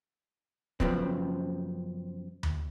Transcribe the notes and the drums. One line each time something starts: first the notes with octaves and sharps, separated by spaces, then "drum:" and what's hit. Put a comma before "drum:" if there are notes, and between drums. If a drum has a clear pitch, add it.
F#2 C#3 F3 B3 C4, drum: kick
drum: tom D#2